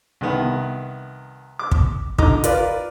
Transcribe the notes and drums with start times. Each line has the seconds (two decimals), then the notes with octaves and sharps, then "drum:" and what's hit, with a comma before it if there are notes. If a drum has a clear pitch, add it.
0.21 C2 D#3 B3
1.59 D6
1.72 drum: kick
2.19 D3 D#4 A#5 D6, drum: kick
2.44 F4 A#4 B4 D5, drum: hi-hat